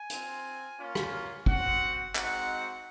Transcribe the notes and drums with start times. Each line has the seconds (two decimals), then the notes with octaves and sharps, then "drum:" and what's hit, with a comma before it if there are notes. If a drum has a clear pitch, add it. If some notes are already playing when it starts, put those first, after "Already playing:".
Already playing: G#5
0.10 C4 F4, drum: hi-hat
0.78 A#3 C#4 F4
0.95 drum: rim click
1.46 C4 F#4 F#5, drum: kick
2.16 G#3 C4 D#4 F#4 F#5, drum: clap